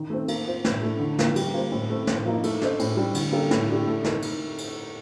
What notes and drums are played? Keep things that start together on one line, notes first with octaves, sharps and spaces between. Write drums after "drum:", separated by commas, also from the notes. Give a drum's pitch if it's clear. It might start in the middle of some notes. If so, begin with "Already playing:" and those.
Already playing: D#3
A3 C4
A#3, drum: cymbal
F4 C5
A2, drum: snare
A3 D4
D3
F3 A#3, drum: snare
G3, drum: cymbal
A#3 F4 C5
A2
A3 C4
A2, drum: snare
F3 A#3 D#4
A3, drum: cymbal
D4 A4 C5 D#5, drum: snare
A2, drum: cymbal
G3 D4
D3, drum: cymbal
G3 A#3 D4 A4
A2, drum: snare
A3 D4 G4
A3
D#4 A#4, drum: snare
drum: cymbal
drum: cymbal